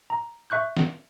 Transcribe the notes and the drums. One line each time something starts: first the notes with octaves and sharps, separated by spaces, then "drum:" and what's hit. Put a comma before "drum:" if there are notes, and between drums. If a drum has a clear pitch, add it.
A#5
E5 C#6 F#6 G6
drum: snare